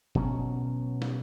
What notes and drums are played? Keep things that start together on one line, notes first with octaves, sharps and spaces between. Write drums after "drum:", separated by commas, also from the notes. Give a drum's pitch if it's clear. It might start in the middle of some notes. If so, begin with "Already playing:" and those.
B2 F#3 C#4, drum: kick
drum: snare